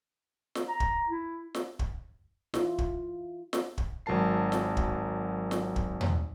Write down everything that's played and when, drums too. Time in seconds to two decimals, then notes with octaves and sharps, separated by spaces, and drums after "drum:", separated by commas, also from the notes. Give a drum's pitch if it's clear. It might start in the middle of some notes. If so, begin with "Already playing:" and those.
0.55 drum: snare
0.68 A#5
0.80 drum: kick
1.09 E4
1.54 drum: snare
1.79 drum: kick
2.54 E4 F4, drum: snare
2.78 drum: kick
3.53 drum: snare
3.78 drum: kick
4.06 G#1 F#3 A#4 A5 C7
4.52 drum: snare
4.77 drum: kick
5.51 drum: snare
5.76 drum: kick
6.01 drum: tom D#2